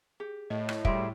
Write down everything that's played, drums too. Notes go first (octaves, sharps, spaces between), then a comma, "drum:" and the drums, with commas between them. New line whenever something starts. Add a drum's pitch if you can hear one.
G4 G#4
A2 D#5
drum: rim click
G3 F#4 G#4 E5 C6 D7, drum: kick